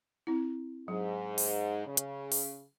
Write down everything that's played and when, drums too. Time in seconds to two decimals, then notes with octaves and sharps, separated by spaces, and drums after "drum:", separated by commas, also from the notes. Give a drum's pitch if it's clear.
0.27 C4 E4
0.88 G#2 F#3
1.38 drum: open hi-hat
1.86 C#3
1.97 drum: hi-hat
2.32 drum: open hi-hat